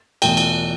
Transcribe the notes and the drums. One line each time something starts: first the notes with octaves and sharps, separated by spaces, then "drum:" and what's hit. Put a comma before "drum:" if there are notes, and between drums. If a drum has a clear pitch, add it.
E2 B2 A3 G5, drum: cymbal
drum: cymbal